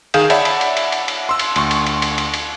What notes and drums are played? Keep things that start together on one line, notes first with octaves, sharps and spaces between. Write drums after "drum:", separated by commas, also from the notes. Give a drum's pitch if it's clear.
D#3 G#4 F5 D#6 G6 E7, drum: cymbal
C#5 D5 E5 F#5 A5 B5, drum: cymbal
drum: cymbal
drum: cymbal
drum: cymbal
drum: cymbal
drum: cymbal
C6 E6
drum: cymbal
D2 C6 C#6, drum: cymbal
drum: cymbal
drum: cymbal
drum: cymbal
drum: cymbal
drum: cymbal